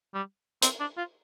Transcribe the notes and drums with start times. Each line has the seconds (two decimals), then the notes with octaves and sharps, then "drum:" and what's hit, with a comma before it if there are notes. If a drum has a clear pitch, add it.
0.14 G3
0.62 C4, drum: hi-hat
0.80 D4
0.98 F4